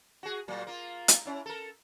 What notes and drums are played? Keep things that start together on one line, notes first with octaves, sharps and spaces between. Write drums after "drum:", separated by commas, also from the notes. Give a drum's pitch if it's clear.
F#4 G#4
A#2 F#3 A#3
A#3 F4
drum: hi-hat
C#4 E4
A4 A#4